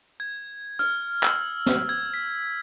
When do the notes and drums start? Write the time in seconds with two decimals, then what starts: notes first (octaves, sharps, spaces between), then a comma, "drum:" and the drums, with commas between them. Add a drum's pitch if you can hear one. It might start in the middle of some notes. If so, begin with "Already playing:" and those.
0.20 G#6
0.79 F6, drum: hi-hat
1.23 E6, drum: clap
1.66 drum: snare
1.89 G#6
2.14 B6